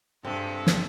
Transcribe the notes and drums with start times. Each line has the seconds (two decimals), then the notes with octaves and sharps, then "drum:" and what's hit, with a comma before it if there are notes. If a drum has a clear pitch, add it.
0.25 G2 C3 G#3 C4 F4 A4
0.67 drum: snare